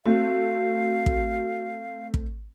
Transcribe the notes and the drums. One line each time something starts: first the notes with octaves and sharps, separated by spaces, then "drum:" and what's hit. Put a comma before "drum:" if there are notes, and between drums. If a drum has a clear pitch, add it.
A3 C4 F#4 F5
drum: kick
drum: kick